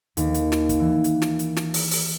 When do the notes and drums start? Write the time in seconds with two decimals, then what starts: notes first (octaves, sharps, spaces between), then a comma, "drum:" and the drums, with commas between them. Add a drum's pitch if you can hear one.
0.17 D#2, drum: hi-hat
0.34 drum: hi-hat
0.52 drum: snare
0.69 drum: kick, hi-hat
0.80 E3
1.04 drum: hi-hat
1.22 drum: snare
1.39 drum: hi-hat
1.57 drum: snare
1.74 drum: open hi-hat
1.91 drum: open hi-hat